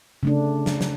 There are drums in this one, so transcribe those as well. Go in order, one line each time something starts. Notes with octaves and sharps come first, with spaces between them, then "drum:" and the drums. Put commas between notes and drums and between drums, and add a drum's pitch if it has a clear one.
C#3 A3 D4
drum: snare
drum: snare